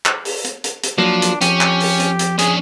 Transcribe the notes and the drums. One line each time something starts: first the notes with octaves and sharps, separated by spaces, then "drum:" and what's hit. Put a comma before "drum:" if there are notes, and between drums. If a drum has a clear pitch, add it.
drum: clap
drum: open hi-hat
drum: hi-hat
drum: hi-hat
drum: hi-hat
F3 F#3 A#3 D4
drum: hi-hat
F2 C#4 G4, drum: hi-hat
drum: clap
drum: open hi-hat
drum: hi-hat
drum: hi-hat
C#4 D4 G#4, drum: hi-hat